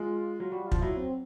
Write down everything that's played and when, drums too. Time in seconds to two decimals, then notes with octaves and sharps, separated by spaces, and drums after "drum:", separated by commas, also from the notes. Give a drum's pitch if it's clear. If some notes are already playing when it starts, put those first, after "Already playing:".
Already playing: G#3 F4
0.40 F#3
0.52 G3 F#4
0.67 F4
0.72 F3, drum: kick
0.81 F#3 E4
0.97 C4